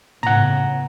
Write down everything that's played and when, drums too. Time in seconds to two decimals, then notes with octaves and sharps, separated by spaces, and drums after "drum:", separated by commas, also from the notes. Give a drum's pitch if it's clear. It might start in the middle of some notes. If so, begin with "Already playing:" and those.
0.23 A2 C#3 B3 F#5 A#5, drum: tom